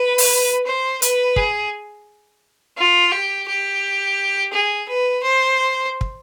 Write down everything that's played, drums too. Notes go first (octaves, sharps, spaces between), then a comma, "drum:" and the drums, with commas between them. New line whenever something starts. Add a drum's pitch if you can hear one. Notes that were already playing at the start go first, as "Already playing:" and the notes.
Already playing: B4
drum: open hi-hat
C5
B4, drum: hi-hat
G#4, drum: kick
F4
G4
G4
G#4
B4
C5
drum: kick